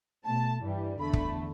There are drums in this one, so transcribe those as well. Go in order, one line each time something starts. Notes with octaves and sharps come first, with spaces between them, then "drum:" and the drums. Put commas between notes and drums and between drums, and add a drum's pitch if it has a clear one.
B2 A3 A5
G2 E3 G3
E2 D3 A3 B5
drum: kick